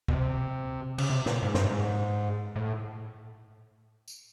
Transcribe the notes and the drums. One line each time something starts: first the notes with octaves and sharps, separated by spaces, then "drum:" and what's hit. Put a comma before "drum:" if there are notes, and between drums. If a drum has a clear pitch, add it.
B2, drum: kick
C3
C#3, drum: cymbal
C3
A#2, drum: snare
G#2
G2, drum: snare
G#2
A2
drum: tambourine